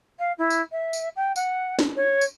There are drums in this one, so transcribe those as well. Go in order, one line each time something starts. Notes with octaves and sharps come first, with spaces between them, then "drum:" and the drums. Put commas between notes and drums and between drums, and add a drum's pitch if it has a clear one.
F5
E4
drum: tambourine
E5
drum: tambourine
G5
F#5, drum: tambourine
drum: snare
C#5
drum: tambourine